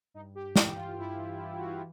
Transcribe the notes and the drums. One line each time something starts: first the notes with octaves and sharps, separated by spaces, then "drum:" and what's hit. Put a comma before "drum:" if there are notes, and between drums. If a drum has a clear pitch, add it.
G2 D#4
G4
E3 G4, drum: snare
F4
G2 E4
E3
F#4
F4
E4